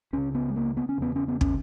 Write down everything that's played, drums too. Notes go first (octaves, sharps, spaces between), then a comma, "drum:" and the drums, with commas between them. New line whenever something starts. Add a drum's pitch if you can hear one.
C#2 C#3 C#4
B3
G#3
A#3
B3
C#4
E2 C#3 B3
C#4
B3
C#4, drum: kick